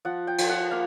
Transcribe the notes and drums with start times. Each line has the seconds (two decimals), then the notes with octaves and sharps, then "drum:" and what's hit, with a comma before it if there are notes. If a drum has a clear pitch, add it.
0.05 F3 F#5
0.27 G5
0.38 F3, drum: cymbal
0.49 F#5
0.71 A#3 F5